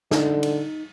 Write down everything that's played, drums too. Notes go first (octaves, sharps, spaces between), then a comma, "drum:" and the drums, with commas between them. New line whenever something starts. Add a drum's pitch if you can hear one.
D3 D#4, drum: snare
drum: cymbal